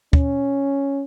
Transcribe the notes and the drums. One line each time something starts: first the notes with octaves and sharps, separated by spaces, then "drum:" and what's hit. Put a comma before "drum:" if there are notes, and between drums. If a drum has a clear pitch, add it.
C#4, drum: kick